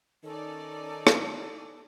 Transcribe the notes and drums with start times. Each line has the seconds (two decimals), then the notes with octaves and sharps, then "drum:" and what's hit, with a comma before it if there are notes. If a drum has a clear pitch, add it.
0.23 D#3 C#4 D#4 A4 D5
1.07 drum: rim click